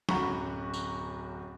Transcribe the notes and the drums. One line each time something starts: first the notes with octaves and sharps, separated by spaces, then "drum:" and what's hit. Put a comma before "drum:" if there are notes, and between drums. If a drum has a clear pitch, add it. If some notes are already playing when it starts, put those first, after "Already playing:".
D1 F#2 F#4 A#5 B5 C#6, drum: snare
drum: tambourine